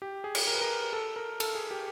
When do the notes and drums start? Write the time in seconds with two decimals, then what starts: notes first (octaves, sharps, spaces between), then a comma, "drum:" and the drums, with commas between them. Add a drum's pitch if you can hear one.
0.02 G4
0.24 G#4
0.35 drum: cymbal
0.47 A#4
0.55 B4
0.61 A#4
0.93 A4
1.16 A#4
1.40 A4, drum: cymbal
1.55 G#4
1.71 G4